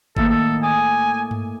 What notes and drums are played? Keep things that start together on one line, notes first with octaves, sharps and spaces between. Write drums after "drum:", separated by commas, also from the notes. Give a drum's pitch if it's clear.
A2 D#3 A#3 A4, drum: kick G1
A4
G#5 D6 D#6
drum: tom G2